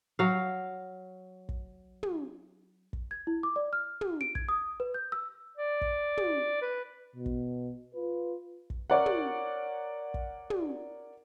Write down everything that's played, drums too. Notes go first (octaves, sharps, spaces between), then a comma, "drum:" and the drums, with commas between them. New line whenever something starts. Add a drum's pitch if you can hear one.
F#3 F5
drum: kick
drum: tom
drum: kick
G#6
E4
D6
D5
F6
drum: tom
D7
G#6, drum: kick
D#6
B4
G6
E6
D5
drum: kick
drum: tom
B4
B2
drum: kick
F4 B4
drum: kick
A#4 C#5 D5 F#5
drum: tom
drum: kick
drum: tom